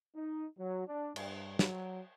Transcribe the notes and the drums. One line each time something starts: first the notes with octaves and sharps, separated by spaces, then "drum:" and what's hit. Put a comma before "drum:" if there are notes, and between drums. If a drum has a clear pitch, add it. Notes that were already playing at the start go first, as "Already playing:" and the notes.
D#4
F#3
D4
G2, drum: cymbal
F#3, drum: snare